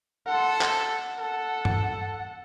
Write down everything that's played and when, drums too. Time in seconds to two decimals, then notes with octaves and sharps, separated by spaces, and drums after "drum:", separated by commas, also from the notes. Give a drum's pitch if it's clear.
0.27 A4 F#5 C6
0.61 drum: clap
0.79 F#5
1.19 A4
1.65 drum: tom G2